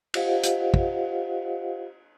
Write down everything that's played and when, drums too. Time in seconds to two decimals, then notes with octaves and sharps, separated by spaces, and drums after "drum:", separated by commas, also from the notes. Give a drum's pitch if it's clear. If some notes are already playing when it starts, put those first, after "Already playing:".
0.14 F4 G4 C5 D#5 F5 F#5, drum: cymbal
0.43 drum: hi-hat
0.74 drum: kick